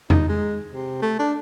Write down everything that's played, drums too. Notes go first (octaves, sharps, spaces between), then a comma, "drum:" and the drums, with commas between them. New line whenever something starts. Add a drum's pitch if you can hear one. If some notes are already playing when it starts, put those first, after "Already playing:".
D#4, drum: tom E2
G#3
C3
A3
D4